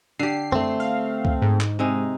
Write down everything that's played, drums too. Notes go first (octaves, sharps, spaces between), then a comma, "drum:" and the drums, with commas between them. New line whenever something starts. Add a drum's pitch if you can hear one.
D3 G4 C7
A3 C4, drum: tom F#2
F5
drum: kick C#2
G#2
drum: clap
C3 G#3 D#4